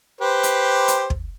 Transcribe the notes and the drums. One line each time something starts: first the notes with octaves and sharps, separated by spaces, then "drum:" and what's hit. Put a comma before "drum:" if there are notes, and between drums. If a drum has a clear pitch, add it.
G4 B4 C5
drum: hi-hat
drum: hi-hat
drum: kick